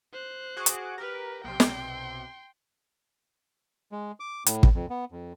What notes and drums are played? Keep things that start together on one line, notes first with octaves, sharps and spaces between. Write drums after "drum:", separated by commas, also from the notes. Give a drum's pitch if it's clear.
C5 F#6
F#4 G#4 D6
drum: hi-hat
G4 A#4 B4
B1 C3 G5 C6
drum: snare
G#3
D6
A2, drum: hi-hat
drum: kick
F2
B3
F2